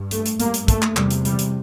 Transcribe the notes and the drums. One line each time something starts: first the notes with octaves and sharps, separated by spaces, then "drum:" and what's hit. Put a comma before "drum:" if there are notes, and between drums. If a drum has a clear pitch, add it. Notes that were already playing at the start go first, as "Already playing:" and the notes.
Already playing: G2
A3, drum: hi-hat
drum: hi-hat
G2 A#3, drum: hi-hat
drum: hi-hat
A3, drum: kick, hi-hat
drum: clap
E2 C3 G3, drum: clap
drum: hi-hat
G3, drum: hi-hat
drum: hi-hat